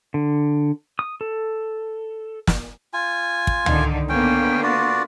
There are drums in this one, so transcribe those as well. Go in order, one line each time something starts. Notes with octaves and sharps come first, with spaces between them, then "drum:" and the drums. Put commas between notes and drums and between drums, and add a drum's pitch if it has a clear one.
D3
D#6
A4
drum: snare
F4 G#5
drum: kick
D3 D#3 D#4, drum: tom C#2
D3 A#3 B3 C#4 G5
F4 F#4 D5